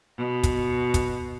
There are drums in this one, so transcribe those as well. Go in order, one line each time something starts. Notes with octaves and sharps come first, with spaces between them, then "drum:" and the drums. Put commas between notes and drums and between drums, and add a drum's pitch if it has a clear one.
B2
drum: kick, hi-hat
drum: kick, hi-hat